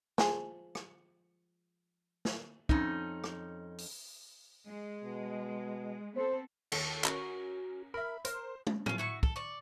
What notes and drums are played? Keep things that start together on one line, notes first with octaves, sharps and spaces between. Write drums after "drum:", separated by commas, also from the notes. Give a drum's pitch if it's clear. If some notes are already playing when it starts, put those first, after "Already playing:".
F3 G#3 G#4, drum: snare
drum: rim click
drum: snare
F2 C#4 D#4, drum: kick
drum: rim click
drum: open hi-hat
G#3
B2
B3 C4 A4 C5
D#2 A4 C#5, drum: cymbal
C#4 F#4 A#4, drum: clap
A#4 E5 B5
A#4 C5, drum: hi-hat
drum: tom
C#4 F4, drum: tom
E4 F#4 C#6
A4, drum: kick
D5 C#6